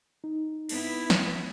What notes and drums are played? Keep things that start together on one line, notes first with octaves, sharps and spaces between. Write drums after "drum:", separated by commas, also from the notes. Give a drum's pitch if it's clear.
D#4
B3 E4, drum: cymbal
drum: snare